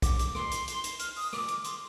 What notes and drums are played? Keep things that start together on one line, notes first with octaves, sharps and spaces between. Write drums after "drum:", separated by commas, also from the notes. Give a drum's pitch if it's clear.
D6, drum: kick B1, hi-hat
drum: hi-hat
C6, drum: rim click
drum: hi-hat
drum: hi-hat
drum: hi-hat
F6, drum: hi-hat
D#6, drum: open hi-hat
D6, drum: rim click
drum: hi-hat
C6, drum: hi-hat